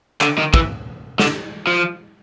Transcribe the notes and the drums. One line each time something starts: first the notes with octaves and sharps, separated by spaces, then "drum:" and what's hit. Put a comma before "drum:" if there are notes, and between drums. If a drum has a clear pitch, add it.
D3, drum: clap
D#3
E3, drum: kick
D3, drum: snare
F3